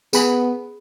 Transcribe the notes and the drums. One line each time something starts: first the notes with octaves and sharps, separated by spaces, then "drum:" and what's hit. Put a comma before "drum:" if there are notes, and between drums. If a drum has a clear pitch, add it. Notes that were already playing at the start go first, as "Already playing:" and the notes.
B3 G#4 B5, drum: tambourine